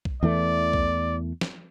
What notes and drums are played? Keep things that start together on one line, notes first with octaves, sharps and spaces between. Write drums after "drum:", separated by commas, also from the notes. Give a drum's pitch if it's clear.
drum: kick B1
E2 E3 A3 D5
drum: kick B1
drum: snare